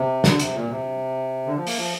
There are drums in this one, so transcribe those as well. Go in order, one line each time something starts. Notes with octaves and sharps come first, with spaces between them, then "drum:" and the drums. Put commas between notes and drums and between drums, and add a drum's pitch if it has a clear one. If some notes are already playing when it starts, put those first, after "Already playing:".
Already playing: C3
D3, drum: snare
C3, drum: hi-hat
A#2
C3
D3
F3
A#3, drum: open hi-hat
F3